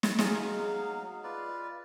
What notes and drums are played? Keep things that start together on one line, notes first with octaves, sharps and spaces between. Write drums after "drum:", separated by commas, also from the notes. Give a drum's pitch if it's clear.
drum: snare
F#3 D#4 G#4 D#5 F5, drum: snare
F4 B4 D5